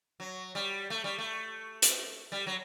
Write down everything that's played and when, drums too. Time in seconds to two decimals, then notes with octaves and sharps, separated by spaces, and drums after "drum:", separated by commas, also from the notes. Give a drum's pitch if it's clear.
0.20 F#3
0.55 G3
0.90 A3
1.04 G3
1.18 A3
1.82 drum: hi-hat
2.32 G3
2.47 F#3